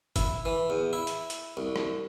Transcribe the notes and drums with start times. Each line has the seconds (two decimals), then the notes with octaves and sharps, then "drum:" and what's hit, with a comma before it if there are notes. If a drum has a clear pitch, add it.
0.16 E4, drum: kick G1, hi-hat
0.45 E3
0.70 E2
0.93 E4
1.07 drum: hi-hat
1.30 drum: hi-hat
1.57 C2
1.76 drum: rim click